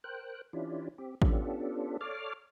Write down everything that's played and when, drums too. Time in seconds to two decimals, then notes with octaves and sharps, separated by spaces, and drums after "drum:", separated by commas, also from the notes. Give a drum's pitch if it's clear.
0.04 A#4 C5 G5 F#6
0.53 E3 C#4 D4 E4 F4 G4
0.98 C4 G4
1.22 B3 C#4 D4 F4 G4 A4, drum: kick A1
2.01 A4 C#5 D5 F5 D6 F6